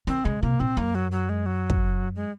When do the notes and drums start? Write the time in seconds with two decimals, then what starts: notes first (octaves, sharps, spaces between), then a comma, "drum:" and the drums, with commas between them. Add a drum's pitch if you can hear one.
0.07 D#3 C4
0.25 C#3 G#3
0.42 C3 A#3
0.60 A#2 C4
0.77 F#2 A#3
0.95 F#3
1.11 F#3
1.29 G#3
1.46 F#3
1.70 drum: kick
2.15 G#3